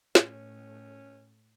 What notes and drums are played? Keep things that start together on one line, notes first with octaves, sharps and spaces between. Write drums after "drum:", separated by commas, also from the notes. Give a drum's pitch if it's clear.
A2 C#4, drum: snare